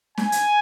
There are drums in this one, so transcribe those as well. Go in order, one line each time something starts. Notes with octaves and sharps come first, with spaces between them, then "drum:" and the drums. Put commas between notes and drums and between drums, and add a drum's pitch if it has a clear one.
G#5, drum: snare
drum: hi-hat